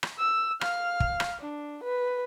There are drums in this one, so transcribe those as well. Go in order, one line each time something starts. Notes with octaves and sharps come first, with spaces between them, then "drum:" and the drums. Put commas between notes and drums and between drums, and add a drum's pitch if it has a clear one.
drum: rim click
E6
F5 F6, drum: rim click
drum: kick
drum: rim click
D4
B4